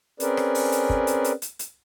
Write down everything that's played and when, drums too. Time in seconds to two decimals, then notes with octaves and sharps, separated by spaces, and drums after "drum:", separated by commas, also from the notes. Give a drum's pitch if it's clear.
0.20 C4 C#4 G#4 A#4 B4 D5, drum: hi-hat
0.37 drum: rim click
0.55 drum: open hi-hat
0.72 drum: hi-hat
0.90 drum: kick
1.07 drum: hi-hat
1.24 drum: hi-hat
1.42 drum: hi-hat
1.59 drum: hi-hat